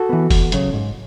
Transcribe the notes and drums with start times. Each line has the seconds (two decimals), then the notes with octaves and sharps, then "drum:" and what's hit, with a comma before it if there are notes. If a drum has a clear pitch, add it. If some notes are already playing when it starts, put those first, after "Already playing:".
Already playing: F#4 A4
0.09 E3 B3
0.30 E2, drum: kick F1, open hi-hat
0.52 C#3 F#3, drum: hi-hat
0.73 G#2